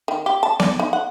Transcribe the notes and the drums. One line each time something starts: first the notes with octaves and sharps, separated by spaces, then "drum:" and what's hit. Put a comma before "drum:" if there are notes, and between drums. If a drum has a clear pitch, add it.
D#3
G4
A5
D5, drum: snare B3
D#4
F#5